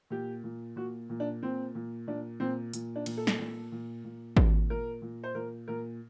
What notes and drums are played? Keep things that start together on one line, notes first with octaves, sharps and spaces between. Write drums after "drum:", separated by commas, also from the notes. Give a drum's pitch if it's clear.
A#2 G4
A#2
A#2 F#4
A#2
D4
A#2 C4
A#2
A#2 D4
A#2 C4
A#2, drum: hi-hat
D4
A#2, drum: cymbal
A4
drum: snare
A#2
A#2
A#2
A#2, drum: kick G#1
A#2 A#4
A#2
C5
A#2 A#4
A#2 A#4